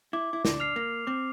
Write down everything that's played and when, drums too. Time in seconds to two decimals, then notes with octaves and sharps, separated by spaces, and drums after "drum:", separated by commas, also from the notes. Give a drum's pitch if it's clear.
0.13 E4 D6
0.33 E4
0.45 D4, drum: snare
0.60 F6 C7 F7
0.76 A#3
1.07 C4 D6